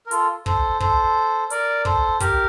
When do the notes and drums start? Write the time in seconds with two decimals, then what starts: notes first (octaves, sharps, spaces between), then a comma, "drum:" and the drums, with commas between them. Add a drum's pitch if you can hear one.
0.07 A#4
0.11 F4 A4, drum: hi-hat
0.46 A4 C5, drum: kick
0.80 A4 C5, drum: kick
1.50 A#4 D5, drum: hi-hat
1.85 A4 C5, drum: kick
2.20 G4 A#4, drum: kick, hi-hat